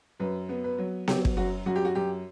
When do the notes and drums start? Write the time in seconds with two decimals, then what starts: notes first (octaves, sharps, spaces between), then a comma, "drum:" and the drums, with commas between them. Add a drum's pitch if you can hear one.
0.20 F#2 B4
0.49 B3
0.64 B4
0.78 F#3
1.08 F#3 G4, drum: snare B3
1.25 drum: kick
1.37 F#2 F#4
1.66 F#2 F#4
1.76 G4
1.85 F#4
1.95 F#2 G4